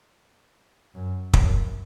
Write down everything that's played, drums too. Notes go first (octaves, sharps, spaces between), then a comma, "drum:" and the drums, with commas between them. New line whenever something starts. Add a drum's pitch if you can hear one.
F#2
F#2, drum: kick